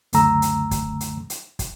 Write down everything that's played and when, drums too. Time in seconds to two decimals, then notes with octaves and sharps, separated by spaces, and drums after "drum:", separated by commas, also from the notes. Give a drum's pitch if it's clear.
0.13 C#2 F#2 D3 A3 A#5 E6, drum: hi-hat
0.42 drum: hi-hat
0.71 drum: kick, hi-hat
1.00 drum: hi-hat
1.30 drum: hi-hat
1.59 drum: kick, hi-hat